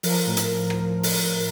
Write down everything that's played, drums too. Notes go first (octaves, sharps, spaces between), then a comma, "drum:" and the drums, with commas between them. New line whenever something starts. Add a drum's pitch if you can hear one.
F3 A#4, drum: open hi-hat
A2
drum: hi-hat
A2
F3, drum: rim click
F3
drum: open hi-hat
F3